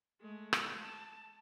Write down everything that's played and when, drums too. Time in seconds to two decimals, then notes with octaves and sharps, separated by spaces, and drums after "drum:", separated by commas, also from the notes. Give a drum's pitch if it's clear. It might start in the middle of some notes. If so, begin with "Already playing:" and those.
0.21 G#3 A3
0.53 drum: rim click
0.79 A5